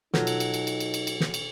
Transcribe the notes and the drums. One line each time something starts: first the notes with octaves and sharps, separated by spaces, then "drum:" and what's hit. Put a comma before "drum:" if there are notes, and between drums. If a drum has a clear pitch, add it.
B2 F#3 D#4 F4 A4, drum: snare
drum: cymbal
drum: cymbal
drum: cymbal
drum: cymbal
drum: cymbal
drum: cymbal
drum: cymbal
drum: snare
drum: cymbal